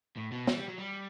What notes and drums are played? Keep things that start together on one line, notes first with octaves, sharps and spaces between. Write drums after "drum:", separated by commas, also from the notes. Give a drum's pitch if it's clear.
A2
B2
E3, drum: snare
G3
F#3
G3